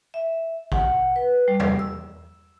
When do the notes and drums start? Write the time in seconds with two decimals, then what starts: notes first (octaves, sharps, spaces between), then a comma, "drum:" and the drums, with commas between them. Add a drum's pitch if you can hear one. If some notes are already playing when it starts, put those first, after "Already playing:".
0.14 E5
0.72 F#5, drum: kick
1.16 B4
1.48 G3
1.60 drum: tom E2
1.79 E6